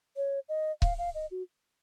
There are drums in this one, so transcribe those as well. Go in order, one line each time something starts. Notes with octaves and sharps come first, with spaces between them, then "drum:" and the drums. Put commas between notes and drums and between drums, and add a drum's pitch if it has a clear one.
C#5
D#5
F5, drum: kick C#1
F5
D#5
F#4